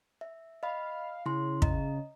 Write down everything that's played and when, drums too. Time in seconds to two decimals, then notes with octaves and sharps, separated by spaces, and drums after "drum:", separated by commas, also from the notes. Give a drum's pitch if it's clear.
0.21 E5
0.63 D#5 F5 B5
1.26 C#3 E4 C6
1.62 D#5 A#5, drum: kick